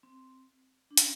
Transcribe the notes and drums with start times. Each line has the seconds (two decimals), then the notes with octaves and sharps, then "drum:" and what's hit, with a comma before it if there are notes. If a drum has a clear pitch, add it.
0.03 C4
0.91 D4
0.97 C#4, drum: hi-hat